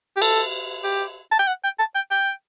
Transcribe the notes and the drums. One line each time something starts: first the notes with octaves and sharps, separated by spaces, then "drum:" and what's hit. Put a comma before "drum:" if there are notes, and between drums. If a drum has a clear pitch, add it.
G4
A4, drum: cymbal
G4
A5
G5
F#5
G5
A5
G5
G5